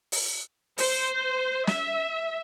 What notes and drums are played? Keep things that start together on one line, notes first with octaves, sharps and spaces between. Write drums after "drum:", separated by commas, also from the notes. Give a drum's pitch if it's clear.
drum: open hi-hat
C5, drum: open hi-hat
E5, drum: snare